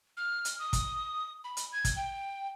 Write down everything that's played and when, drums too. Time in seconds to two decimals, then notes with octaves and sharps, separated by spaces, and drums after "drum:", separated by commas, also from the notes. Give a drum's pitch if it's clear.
0.17 F6
0.45 drum: hi-hat
0.59 D#6
0.73 drum: kick, hi-hat
1.44 B5
1.57 drum: hi-hat
1.72 G#6
1.85 drum: kick, hi-hat
1.96 G5